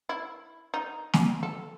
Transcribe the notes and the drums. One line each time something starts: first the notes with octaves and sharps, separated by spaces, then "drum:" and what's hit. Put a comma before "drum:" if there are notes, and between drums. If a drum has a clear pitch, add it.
E4
D#4
drum: snare
A4